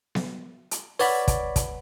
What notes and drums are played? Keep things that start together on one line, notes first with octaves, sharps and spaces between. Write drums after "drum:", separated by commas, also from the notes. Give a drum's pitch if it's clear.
drum: snare B3
drum: hi-hat
B4 C#5 D5 F#5 B5, drum: open hi-hat
drum: kick, hi-hat
drum: kick, hi-hat